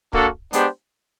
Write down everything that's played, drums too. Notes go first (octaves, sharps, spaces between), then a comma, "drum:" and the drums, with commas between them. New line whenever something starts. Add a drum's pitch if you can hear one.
A#3 D4 F#4 A4, drum: kick
G#3 B3 D4 G4 C5, drum: hi-hat